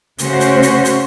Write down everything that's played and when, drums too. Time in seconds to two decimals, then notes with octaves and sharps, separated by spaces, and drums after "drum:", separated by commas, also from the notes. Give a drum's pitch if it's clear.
0.18 C#3 A3 C#4 F#4 C5, drum: hi-hat
0.40 drum: hi-hat
0.62 drum: hi-hat
0.85 drum: hi-hat